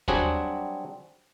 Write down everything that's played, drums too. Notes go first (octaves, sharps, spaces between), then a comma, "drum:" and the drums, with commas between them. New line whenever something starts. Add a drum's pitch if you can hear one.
F#3 G3 C4 D4 F#4 G#4, drum: kick D#2